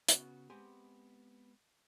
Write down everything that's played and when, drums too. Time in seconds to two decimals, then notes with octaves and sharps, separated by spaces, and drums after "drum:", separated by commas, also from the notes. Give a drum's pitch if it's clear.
0.09 C#3 B3 F#4, drum: hi-hat
0.50 G#3 B3 C4 G4 G#5